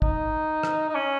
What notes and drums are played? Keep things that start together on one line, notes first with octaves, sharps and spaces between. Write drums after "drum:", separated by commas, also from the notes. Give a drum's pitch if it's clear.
D#4, drum: kick
drum: rim click
D#4
C#4